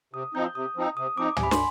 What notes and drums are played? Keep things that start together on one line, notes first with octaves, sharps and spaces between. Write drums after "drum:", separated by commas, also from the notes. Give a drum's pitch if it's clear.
C3 D#6
F3 C4 D#4 G6
C3 D#6
F3 C4 D#4
C3 D#6
F3 C4 D#4 D6
C3 G#5, drum: tom
B5
C6, drum: snare